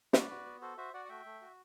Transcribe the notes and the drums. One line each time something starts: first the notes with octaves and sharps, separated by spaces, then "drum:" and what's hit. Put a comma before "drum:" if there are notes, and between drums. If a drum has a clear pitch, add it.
F#4 B4 D5, drum: snare
F#4
B3
F#4 A4 C5
F#4 C5 E5
F#4 D5 F#5
F#5
A3 E5 G5
A3
F#4